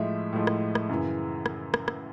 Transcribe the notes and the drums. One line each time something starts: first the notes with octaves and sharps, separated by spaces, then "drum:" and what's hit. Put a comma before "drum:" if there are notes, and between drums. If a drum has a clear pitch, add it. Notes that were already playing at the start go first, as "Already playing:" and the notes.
Already playing: A2 F3 G#3 E5
A2 F3 G#3
drum: rim click
drum: rim click
F#2 C#3 E3
drum: rim click
drum: rim click
drum: rim click